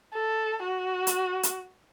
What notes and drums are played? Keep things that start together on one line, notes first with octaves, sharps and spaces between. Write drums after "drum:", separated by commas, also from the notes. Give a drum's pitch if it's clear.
A4
F#4
drum: hi-hat
drum: hi-hat